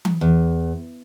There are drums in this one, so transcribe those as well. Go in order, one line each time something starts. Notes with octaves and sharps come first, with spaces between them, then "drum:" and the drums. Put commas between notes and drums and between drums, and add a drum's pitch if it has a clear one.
drum: tom E3
E2